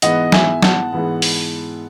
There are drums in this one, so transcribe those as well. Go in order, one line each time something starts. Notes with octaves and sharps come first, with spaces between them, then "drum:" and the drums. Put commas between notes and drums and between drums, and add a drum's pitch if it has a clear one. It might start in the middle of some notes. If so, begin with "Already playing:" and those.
G#2 E3 B3 D#5 F#5, drum: hi-hat
E5 G#5, drum: snare
F#5 A5, drum: snare
G#2 E3 B3
drum: open hi-hat